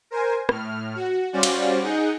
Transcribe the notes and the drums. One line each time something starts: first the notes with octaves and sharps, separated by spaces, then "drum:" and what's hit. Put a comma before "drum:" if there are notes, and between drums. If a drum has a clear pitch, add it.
A#4 C5 G#5
A2 F6, drum: rim click
F#4
G3 C#4 F#4 C5 D5 F5
drum: cymbal
D#4 G#4 F#5 G6 C#7